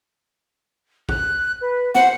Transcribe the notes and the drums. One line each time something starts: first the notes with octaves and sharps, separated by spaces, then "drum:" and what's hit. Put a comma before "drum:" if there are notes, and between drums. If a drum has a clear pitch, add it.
F#6, drum: kick A1
B4
C5 F#5, drum: snare